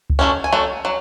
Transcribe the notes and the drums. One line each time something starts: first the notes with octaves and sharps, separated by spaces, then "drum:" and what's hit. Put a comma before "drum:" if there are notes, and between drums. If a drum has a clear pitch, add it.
drum: kick C#2
F#3 A3 C#4
G#5
F#3 A3
F#3